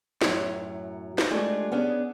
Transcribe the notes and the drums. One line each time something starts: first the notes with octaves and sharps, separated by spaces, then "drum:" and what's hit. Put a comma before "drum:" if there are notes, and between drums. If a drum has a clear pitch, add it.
F#2 A2 D#3 F#3, drum: snare
drum: snare
G#3 A3 D4 F4 G4 G#4
B3 C#4 D4 G#4